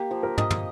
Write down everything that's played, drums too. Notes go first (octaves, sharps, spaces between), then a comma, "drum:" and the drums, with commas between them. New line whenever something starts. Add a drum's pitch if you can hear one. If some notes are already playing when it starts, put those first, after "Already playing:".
Already playing: A#3 G4
F3
A#4
D#5, drum: tom
drum: tom